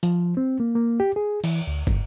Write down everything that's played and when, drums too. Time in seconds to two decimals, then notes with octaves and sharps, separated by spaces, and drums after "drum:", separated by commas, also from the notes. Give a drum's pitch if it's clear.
0.03 F3, drum: hi-hat
0.37 C4
0.60 A#3
0.75 A#3
1.00 G4
1.16 G#4
1.44 E3, drum: cymbal
1.67 D2
1.87 G2, drum: kick